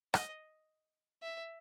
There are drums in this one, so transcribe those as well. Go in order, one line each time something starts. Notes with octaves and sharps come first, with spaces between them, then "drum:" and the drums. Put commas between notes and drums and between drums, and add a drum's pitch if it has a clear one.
D#5, drum: rim click
E5